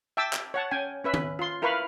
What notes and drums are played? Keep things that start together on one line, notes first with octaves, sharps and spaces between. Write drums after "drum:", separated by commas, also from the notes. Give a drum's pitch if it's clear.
E5 G5 A5 D6 E6
drum: clap
C#5 F#5 A5
C#4 G5 G#5
C#4 B4 E5
drum: tom
F4 C6
E4 A#4 B4 F5 B5 C#6